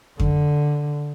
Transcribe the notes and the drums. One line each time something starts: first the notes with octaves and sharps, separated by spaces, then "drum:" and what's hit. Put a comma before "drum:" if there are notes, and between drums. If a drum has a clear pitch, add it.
D3, drum: kick F2